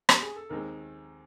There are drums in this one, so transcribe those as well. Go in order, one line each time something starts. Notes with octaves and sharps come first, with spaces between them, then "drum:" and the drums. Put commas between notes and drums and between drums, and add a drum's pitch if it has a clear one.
G4, drum: rim click
G#4
A4
D#2 D#3 G#3 C4 A#4